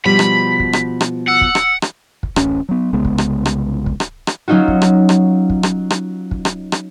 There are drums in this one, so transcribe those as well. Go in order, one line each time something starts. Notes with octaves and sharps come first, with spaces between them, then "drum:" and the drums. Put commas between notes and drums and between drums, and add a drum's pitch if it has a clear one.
B2 F3 G3 B5 B6
drum: rim click
drum: kick
drum: rim click
drum: rim click
F#5 E6
drum: kick
drum: rim click
drum: rim click
drum: kick
D1 A1 C#4, drum: rim click
F#3 B3
C2 C#3 G#3 B3
drum: kick
drum: rim click
drum: rim click
drum: kick
drum: rim click
drum: rim click
F#3 C#4 D#4 F4 F#4
drum: kick
drum: rim click
drum: rim click
drum: kick
drum: rim click
drum: rim click
drum: kick
drum: rim click
drum: rim click